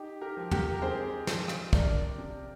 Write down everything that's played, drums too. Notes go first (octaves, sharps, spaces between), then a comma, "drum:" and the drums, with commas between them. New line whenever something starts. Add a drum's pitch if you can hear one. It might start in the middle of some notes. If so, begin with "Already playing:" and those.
Already playing: D#4 G4
G4 A#4
F3
G4 A#4, drum: tom
A#4
C4 G#4 C5
F3, drum: snare
drum: rim click
D4 A#4 D5, drum: kick
C3